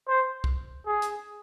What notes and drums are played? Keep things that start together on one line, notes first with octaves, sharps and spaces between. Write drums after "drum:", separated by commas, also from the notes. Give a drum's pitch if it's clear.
C5
drum: kick C2
G#4
drum: hi-hat